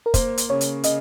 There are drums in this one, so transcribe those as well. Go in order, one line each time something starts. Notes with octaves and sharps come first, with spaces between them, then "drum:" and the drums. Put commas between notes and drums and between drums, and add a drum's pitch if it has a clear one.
A#4
A#3 C5, drum: kick, hi-hat
drum: hi-hat
C#3 C#5
drum: hi-hat
C#3 D#5, drum: hi-hat